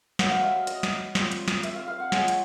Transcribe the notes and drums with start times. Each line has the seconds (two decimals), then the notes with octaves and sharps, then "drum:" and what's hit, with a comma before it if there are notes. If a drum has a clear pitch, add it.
0.19 F#3 B3 D#4 F#5, drum: snare
0.31 F5
0.43 E5
0.55 D#5
0.67 D#5, drum: hi-hat
0.83 drum: snare
1.15 G3 C4 F4, drum: snare
1.32 drum: hi-hat
1.48 drum: snare
1.63 E5, drum: hi-hat
1.76 F5
1.88 F5
2.00 F#5
2.12 G#3 C#4 F4, drum: snare
2.28 drum: hi-hat